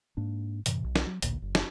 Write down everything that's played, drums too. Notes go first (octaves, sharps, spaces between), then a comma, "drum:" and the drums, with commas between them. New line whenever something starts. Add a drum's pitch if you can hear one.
G#2 A#3 D4
F#2 A2 C3 E3, drum: hi-hat
B1
drum: snare
F#3
A1 D2 A#2, drum: hi-hat
F#1
drum: snare